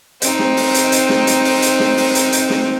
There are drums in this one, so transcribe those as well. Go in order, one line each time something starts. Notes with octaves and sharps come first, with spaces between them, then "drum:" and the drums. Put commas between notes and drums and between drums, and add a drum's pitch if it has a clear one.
C4 D#4, drum: hi-hat
drum: snare
drum: open hi-hat
drum: hi-hat
drum: hi-hat
drum: snare
drum: hi-hat
drum: open hi-hat
drum: hi-hat
drum: snare
drum: open hi-hat
drum: hi-hat
drum: hi-hat
drum: snare